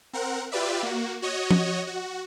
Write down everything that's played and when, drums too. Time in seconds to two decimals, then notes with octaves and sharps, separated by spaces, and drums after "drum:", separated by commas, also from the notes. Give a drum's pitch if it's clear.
0.13 C4 A#4 F#5
0.52 F4 G4 B4 D5 E5
0.83 A#3 F#4
1.22 F#4 C#5 D#5
1.51 drum: tom F3
1.87 F#4